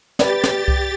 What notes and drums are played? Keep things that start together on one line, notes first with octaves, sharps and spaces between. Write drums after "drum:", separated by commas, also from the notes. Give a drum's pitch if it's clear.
G4 B4 D5 A6, drum: snare
drum: snare
drum: kick C2